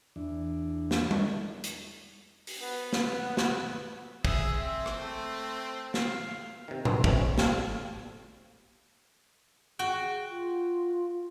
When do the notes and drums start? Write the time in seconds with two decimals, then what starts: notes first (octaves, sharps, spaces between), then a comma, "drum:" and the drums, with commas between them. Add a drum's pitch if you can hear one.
0.16 E2 E3 D4
0.91 drum: snare
1.11 drum: tom G3
1.64 drum: hi-hat
2.47 drum: open hi-hat
2.60 B3
2.93 drum: snare
3.37 drum: snare
4.25 G#4 E5, drum: kick
4.53 C4 E5
4.86 drum: rim click
4.97 A3
5.94 F5, drum: snare
6.68 C3 D#3
6.85 B3 D4, drum: tom A2
7.04 E3 F3 G#3 A3 C4 C#4, drum: kick
7.20 C#4
7.38 G3 C4 A4 F5, drum: snare
9.79 F#4 G#4 G5
10.30 F4